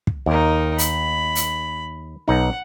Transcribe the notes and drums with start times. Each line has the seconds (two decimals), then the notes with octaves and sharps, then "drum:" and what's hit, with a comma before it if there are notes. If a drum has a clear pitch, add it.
0.07 drum: kick
0.26 D#2 D#4 A#4
0.78 B5, drum: hi-hat
1.35 drum: hi-hat
2.28 B1 D#4 F#5